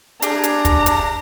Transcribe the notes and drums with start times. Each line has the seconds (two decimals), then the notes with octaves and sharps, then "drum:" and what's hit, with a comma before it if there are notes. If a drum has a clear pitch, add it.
0.22 D4 G4 G#4 A#5, drum: hi-hat
0.44 drum: hi-hat
0.65 drum: kick, hi-hat
0.86 drum: hi-hat